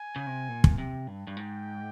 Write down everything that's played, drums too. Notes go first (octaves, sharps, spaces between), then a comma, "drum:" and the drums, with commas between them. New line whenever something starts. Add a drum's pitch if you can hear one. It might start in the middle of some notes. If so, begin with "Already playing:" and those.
Already playing: G#5
C#3
C3
A#2
drum: kick
C3
G2
G2
G#2 G5